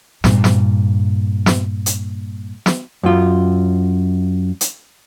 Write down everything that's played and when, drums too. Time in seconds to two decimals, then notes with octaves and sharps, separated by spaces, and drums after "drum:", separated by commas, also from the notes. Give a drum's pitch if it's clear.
0.24 G2 A#2, drum: snare
0.44 drum: snare
1.46 drum: snare
1.86 drum: hi-hat
2.66 drum: snare
3.03 F#2 F4
4.61 drum: hi-hat